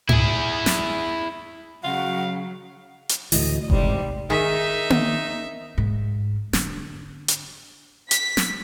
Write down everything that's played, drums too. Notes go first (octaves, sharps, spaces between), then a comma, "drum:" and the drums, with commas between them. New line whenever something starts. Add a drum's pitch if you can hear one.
E4 G#4, drum: tom G#2
drum: snare
C#3 F#3 F5 F#5
drum: hi-hat
D2 A2 E3 D#5, drum: open hi-hat
A1 G#2 C3 G3, drum: kick F#1
D#3 D#4 G#4 A#4 E5
drum: tom A#3
G#2
D3 D4, drum: snare
drum: hi-hat
B6, drum: hi-hat
drum: snare